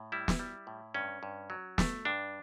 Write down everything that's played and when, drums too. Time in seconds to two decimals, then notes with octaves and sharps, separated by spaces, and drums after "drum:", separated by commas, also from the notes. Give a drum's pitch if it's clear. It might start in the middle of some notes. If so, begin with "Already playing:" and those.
Already playing: A2
0.12 G3 E4
0.28 drum: snare
0.39 G3
0.67 A2
0.94 G2 C#4
1.23 G2
1.50 F#3
1.78 A3, drum: snare
2.05 G2 D4